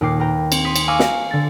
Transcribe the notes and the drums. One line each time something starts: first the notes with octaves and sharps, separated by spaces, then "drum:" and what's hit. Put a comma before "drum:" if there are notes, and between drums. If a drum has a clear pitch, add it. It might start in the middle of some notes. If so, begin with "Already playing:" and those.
D#2 A#2 D#4 G5 D6 C7
A#4 B4 G5 A#5
C4, drum: cymbal
C6 D#6 B6
drum: cymbal
F5 G#5 A#5 C#6 D6 E6
drum: snare
D3 A6